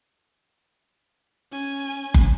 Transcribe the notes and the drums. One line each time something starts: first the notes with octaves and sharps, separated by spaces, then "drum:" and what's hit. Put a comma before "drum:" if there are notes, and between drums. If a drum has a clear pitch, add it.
C#4 G#5
drum: kick F#1